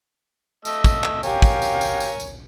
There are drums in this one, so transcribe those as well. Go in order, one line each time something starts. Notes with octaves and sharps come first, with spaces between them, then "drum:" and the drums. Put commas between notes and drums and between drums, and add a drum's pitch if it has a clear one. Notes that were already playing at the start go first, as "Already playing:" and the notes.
A3 D#5 E6, drum: tambourine
drum: kick, tambourine
drum: clap
G4 A#4 C#5 F5 G5 G#5, drum: tambourine
drum: kick, tambourine
drum: tambourine
drum: tambourine
drum: tambourine
drum: tambourine